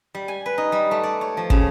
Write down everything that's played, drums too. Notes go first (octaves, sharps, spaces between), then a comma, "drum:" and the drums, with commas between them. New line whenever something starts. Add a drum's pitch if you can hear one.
G3
G#5
B4
D#4
G3
A3
D5
C#5
F3
C#3, drum: kick